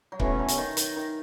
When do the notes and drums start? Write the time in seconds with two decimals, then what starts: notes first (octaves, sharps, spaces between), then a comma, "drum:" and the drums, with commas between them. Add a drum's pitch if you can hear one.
0.12 F#3
0.20 B2 E3 A3 C#4, drum: kick C#1
0.39 F#3
0.48 drum: hi-hat
0.58 D#3
0.77 D#3, drum: hi-hat
0.96 D#3